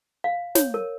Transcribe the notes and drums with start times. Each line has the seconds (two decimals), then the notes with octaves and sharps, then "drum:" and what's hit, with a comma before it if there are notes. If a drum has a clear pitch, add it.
0.24 F5
0.55 C#5, drum: snare
0.74 A#4